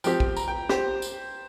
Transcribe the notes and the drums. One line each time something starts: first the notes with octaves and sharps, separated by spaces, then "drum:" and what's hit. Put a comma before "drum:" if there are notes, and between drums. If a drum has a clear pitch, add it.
F3 C4 G4 G5, drum: tambourine
drum: kick
A#5, drum: tambourine
G5
G4 C5, drum: snare
drum: tambourine